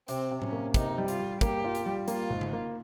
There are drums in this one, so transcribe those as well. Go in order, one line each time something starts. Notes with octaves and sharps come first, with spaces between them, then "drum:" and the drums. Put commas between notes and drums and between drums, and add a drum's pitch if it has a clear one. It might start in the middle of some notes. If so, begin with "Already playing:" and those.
C3 C4, drum: hi-hat
C3
C#4, drum: tom A2
A#3
C3 D#4, drum: kick, hi-hat
G3
F4, drum: hi-hat
G3
A#3 G4, drum: kick, hi-hat
F4
drum: hi-hat
G3
A#3 F4, drum: hi-hat
G#1
drum: tom C#3
A#3